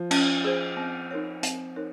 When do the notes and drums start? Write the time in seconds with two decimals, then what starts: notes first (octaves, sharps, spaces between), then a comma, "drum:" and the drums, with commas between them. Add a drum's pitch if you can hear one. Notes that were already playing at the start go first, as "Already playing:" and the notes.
Already playing: F3
0.11 C#4, drum: cymbal
0.45 G#4 C5
0.77 C4
1.11 D#4 A#4 C#5
1.43 C4, drum: hi-hat
1.76 D#4 A#4 C#5